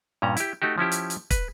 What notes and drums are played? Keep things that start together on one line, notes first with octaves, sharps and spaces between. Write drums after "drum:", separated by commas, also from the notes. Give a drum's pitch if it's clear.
G2 A#2 C#4 A#5
E4 G4, drum: hi-hat
A3 D#4 F#4 G4
F3 C#4 E4 G4
drum: hi-hat
drum: hi-hat
B4, drum: kick, hi-hat